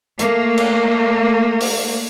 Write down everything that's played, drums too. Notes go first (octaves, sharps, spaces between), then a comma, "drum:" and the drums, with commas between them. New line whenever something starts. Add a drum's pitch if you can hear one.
A3 A#3, drum: hi-hat
drum: cymbal
drum: open hi-hat